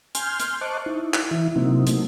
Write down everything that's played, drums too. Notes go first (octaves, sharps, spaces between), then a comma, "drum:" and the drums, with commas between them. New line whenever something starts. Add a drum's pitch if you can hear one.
G#5 C6 F6 G6, drum: hi-hat
drum: hi-hat
C5 D#5 A5 C#6 D6 F#6
D#4 E4
drum: clap
E3 E4
C3 F#3 A#3 C4 D#4 E4
F#3 A3 A#3 D#4, drum: hi-hat